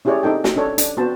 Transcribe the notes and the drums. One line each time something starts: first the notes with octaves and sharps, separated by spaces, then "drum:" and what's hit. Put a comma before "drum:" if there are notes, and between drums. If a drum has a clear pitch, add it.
C#4 E4 G4 G#4 C#5 D5
C4 D#4 A4 G5
drum: snare
C#4 D4 A4 C#5
D4, drum: hi-hat
B3 C4 F#4 C5 A5